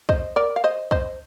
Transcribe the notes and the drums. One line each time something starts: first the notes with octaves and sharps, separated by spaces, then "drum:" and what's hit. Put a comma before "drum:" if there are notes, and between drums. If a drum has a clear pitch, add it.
C5 D#5, drum: kick
A#4 D5
F5
C5 D#5
C5 D#5, drum: kick